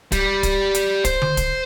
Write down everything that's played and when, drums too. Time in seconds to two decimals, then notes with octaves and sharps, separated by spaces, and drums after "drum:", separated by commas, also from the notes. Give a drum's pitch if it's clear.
0.12 G3, drum: kick, hi-hat
0.43 drum: kick, hi-hat
0.75 drum: hi-hat
1.05 C5, drum: kick, hi-hat
1.22 drum: tom D3
1.37 drum: kick, hi-hat